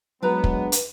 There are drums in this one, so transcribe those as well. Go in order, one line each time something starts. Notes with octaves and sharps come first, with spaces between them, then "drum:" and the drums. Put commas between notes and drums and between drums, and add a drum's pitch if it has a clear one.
F#3 G#3 B3 D4 B4 A#5
drum: kick
drum: hi-hat